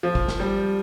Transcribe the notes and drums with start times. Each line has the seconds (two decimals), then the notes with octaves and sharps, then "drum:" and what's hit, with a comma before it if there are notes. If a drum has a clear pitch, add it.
0.03 F3
0.15 drum: kick
0.28 drum: snare
0.40 G3